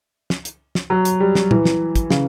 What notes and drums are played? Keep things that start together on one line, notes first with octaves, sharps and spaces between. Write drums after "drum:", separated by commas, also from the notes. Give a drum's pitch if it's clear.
drum: snare
drum: hi-hat
drum: snare
F#3
drum: hi-hat
G3
drum: snare
E3, drum: tom
drum: snare
drum: kick, hi-hat
C#3, drum: snare